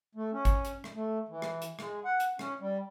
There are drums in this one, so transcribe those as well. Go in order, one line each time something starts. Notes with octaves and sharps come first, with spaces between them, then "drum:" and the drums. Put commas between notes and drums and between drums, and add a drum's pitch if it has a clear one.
A3
C#4
drum: kick, hi-hat
drum: hi-hat
drum: rim click
A3
E3
drum: rim click
drum: hi-hat
G#3, drum: rim click
F#5
drum: hi-hat
C#4, drum: rim click
G3